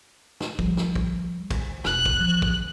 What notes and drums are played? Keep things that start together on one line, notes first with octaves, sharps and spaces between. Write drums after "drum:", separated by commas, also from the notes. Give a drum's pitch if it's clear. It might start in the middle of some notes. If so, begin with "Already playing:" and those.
drum: snare
F3 G3, drum: kick
drum: snare
drum: kick
drum: kick, cymbal
E1 F#6, drum: snare
drum: kick
E3 F3
drum: kick